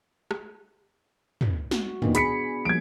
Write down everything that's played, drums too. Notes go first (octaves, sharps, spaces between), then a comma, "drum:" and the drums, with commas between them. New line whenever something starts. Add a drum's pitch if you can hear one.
drum: rim click
drum: tom
F#4, drum: snare
A#2 D#3 B3 D4, drum: tom
B3 G#4 B5 B6 C#7, drum: hi-hat
F3 G3 A#3 G#6 D7